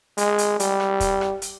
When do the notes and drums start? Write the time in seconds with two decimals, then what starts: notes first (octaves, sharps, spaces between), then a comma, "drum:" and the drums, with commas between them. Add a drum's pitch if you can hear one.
0.18 G#3, drum: hi-hat
0.38 drum: hi-hat
0.60 G3, drum: hi-hat
0.80 drum: rim click
1.00 drum: kick, hi-hat
1.21 drum: rim click
1.42 drum: hi-hat